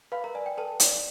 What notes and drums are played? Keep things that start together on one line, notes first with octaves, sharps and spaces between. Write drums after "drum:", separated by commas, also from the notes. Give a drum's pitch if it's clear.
B4 F5 B5
A#4 A#5
D5 G#5
G5
A4 B4 A5
D5, drum: hi-hat